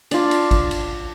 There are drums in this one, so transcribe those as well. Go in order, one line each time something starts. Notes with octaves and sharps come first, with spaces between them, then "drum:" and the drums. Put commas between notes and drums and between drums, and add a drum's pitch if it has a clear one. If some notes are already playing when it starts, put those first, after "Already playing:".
D4 F4, drum: cymbal
drum: cymbal
drum: kick G#1, cymbal
drum: cymbal